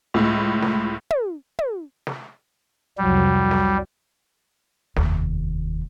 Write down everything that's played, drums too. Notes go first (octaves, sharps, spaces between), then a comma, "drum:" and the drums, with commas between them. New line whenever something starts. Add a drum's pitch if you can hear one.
C#2 A2
drum: snare
drum: tom
drum: tom
drum: snare
C2 F2 F#3 G3
drum: snare
F1 D#2, drum: snare